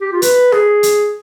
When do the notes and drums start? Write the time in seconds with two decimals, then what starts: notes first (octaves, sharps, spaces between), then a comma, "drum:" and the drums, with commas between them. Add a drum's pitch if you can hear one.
0.01 G4
0.12 F4
0.22 B4, drum: hi-hat
0.52 G#4, drum: rim click
0.83 drum: hi-hat